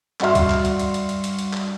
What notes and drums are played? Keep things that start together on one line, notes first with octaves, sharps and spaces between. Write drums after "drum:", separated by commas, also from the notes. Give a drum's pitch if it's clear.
G2 F#4 E5 C6 F6, drum: clap
drum: kick C#2, hi-hat
drum: clap
drum: hi-hat
drum: hi-hat
drum: hi-hat
drum: hi-hat
drum: hi-hat
drum: hi-hat
drum: clap